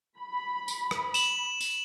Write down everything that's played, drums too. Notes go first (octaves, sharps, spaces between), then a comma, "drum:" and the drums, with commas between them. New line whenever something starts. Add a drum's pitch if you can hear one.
B5
drum: tambourine
drum: rim click
E7 F#7, drum: tambourine
drum: tambourine